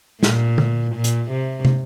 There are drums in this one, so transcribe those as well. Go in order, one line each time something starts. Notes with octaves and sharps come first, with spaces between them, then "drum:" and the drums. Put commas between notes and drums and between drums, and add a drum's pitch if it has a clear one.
A#2, drum: snare
drum: tom D3
A#2
drum: hi-hat
C3
drum: tom